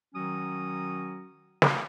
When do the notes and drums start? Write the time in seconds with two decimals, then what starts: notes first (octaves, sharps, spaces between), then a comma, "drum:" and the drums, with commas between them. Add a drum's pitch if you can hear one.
0.15 D#3 F#3 C#4 F#4 D#6
1.62 drum: snare